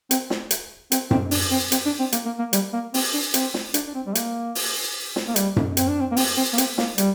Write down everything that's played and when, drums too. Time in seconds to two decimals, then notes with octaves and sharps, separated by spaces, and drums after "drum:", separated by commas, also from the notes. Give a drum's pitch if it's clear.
0.11 C4, drum: hi-hat
0.30 drum: snare
0.51 drum: hi-hat
0.92 C4, drum: hi-hat
1.11 C4, drum: tom F#2
1.31 D4, drum: open hi-hat
1.51 C4
1.72 C4, drum: hi-hat
1.86 D4
2.00 C4
2.13 A#3, drum: hi-hat
2.26 A#3
2.39 A#3
2.53 G3, drum: hi-hat
2.73 A#3
2.94 C4, drum: open hi-hat
3.14 D4
3.34 C4, drum: hi-hat
3.54 drum: snare
3.74 D4, drum: hi-hat
3.87 D4
3.95 C4
4.07 G3
4.15 A#3, drum: hi-hat
4.55 drum: open hi-hat
5.16 drum: snare
5.28 A#3
5.36 G3, drum: hi-hat
5.56 drum: tom F#2
5.77 C4, drum: hi-hat
5.89 D4
6.00 C4
6.12 A#3
6.17 C4, drum: open hi-hat
6.37 C4
6.53 A#3
6.58 C4, drum: hi-hat
6.78 A#3, drum: snare
6.98 G3, drum: hi-hat